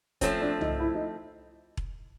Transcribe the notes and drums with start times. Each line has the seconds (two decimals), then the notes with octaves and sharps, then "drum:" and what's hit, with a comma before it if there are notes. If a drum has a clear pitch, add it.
0.21 F3 A3 C4 C#4, drum: kick E1, hi-hat
0.41 D4
0.61 D#4, drum: tom
0.80 E4
0.95 D#4
1.77 drum: kick E1